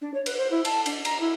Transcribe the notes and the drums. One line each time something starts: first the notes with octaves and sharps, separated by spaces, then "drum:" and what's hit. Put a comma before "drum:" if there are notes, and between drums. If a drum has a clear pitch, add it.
D4
C#5
B4, drum: cymbal
C5
E4
A5, drum: cymbal
D4, drum: cymbal
A#5, drum: cymbal
E4